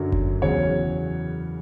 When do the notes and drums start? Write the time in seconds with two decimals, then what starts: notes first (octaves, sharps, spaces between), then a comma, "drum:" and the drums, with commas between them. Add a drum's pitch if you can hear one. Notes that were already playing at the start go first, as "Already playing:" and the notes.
Already playing: F#2 D3 F#3
0.12 drum: kick F#1
0.42 E2 C#3 F#3 C#5